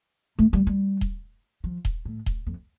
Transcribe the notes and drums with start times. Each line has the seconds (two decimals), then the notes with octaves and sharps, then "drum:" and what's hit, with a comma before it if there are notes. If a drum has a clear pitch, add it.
0.39 A3
0.53 G3
0.67 G3
1.01 drum: kick D#1
1.64 F3
1.85 drum: kick D#1
2.05 A2
2.26 drum: kick D#1
2.47 F2